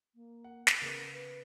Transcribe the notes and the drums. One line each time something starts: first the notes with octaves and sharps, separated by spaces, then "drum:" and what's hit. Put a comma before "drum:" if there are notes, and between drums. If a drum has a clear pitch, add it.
A#3
F#5
drum: snare
C#3 B3 A#4
B4